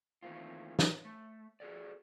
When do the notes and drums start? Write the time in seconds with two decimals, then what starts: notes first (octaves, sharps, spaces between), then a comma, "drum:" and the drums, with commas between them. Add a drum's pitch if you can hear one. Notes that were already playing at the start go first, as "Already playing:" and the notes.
0.23 D#3 E3 A3 A#3 C4 F4
0.79 drum: snare
1.05 A3
1.60 F#4 G#4 A4 D5